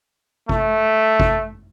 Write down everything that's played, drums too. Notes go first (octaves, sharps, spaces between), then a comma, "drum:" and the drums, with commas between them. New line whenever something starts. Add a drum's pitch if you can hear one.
A3, drum: kick G#1
drum: kick G#1